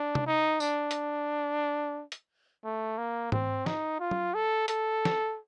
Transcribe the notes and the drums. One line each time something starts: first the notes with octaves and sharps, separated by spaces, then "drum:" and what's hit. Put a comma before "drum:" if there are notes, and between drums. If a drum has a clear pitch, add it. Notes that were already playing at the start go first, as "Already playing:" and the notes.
Already playing: D4
drum: tom
D#4
D4, drum: tambourine
drum: hi-hat
drum: hi-hat
A3
A#3
C4, drum: tom G#2
D#4, drum: snare
F4
drum: tom
A4
A4, drum: hi-hat
drum: snare